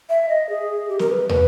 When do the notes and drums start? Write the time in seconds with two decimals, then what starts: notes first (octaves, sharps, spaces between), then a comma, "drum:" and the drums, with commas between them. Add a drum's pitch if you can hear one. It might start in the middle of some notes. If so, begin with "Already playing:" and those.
0.09 E5
0.29 D#5
0.49 G#4
0.89 G4
0.99 A#4, drum: snare
1.10 B4
1.29 B4, drum: tom